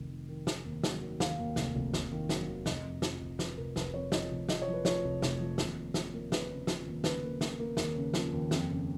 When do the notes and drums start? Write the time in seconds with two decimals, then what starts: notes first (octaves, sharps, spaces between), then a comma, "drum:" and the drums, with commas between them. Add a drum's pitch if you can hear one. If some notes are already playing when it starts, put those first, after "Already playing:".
Already playing: F1 D#3
0.10 D#3
0.29 D#3
0.47 D#3, drum: snare
0.65 D#2
0.83 F#3, drum: snare
1.01 D#3
1.20 D#2 F5, drum: snare
1.39 D#2
1.56 F1, drum: snare
1.75 F1
1.94 F1, drum: snare
2.12 D#3
2.29 F#3, drum: snare
2.49 D#3
2.66 F1 D#5, drum: snare
2.85 F2
3.02 F3, drum: snare
3.21 F1
3.39 F3 B4, drum: snare
3.57 F1 A#4
3.76 F1 B4, drum: snare
3.94 F2 C#5
4.12 F3 D#5, drum: snare
4.31 F1
4.49 F3 D#5, drum: snare
4.62 C#5
4.68 F3
4.74 B4
4.85 F3 C#5, drum: snare
5.04 F1
5.22 F1, drum: snare
5.39 F3
5.58 D#2, drum: snare
5.77 F3
5.94 F3, drum: snare
6.14 A#3
6.32 A#3 B4, drum: snare
6.50 C#3
6.67 F3, drum: snare
6.86 D#2
7.04 C#3 B4, drum: snare
7.23 A#3
7.41 A#3, drum: snare
7.59 A#3
7.77 D#2, drum: snare
7.96 C#3
8.14 F3, drum: snare
8.33 D#2
8.51 F2, drum: snare
8.69 C#3